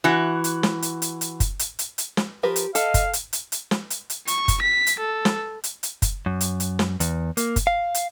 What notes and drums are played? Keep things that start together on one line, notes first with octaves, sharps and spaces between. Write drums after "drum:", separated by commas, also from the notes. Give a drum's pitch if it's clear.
E3 F#4
drum: hi-hat
drum: snare
drum: hi-hat
drum: hi-hat
drum: hi-hat
drum: kick, hi-hat
drum: hi-hat
drum: hi-hat
drum: hi-hat
drum: snare
F3 G4 A#4 B4
drum: hi-hat
A4 D#5 F5, drum: hi-hat
drum: kick, hi-hat
drum: hi-hat
drum: hi-hat
drum: hi-hat
drum: snare
drum: hi-hat
drum: hi-hat
C#6, drum: hi-hat
drum: kick, hi-hat
B6
drum: hi-hat
A4
drum: snare
drum: hi-hat
drum: hi-hat
drum: kick, hi-hat
F#2
drum: hi-hat
drum: hi-hat
drum: snare
E2, drum: hi-hat
A#3, drum: hi-hat
drum: kick, hi-hat
F5
drum: hi-hat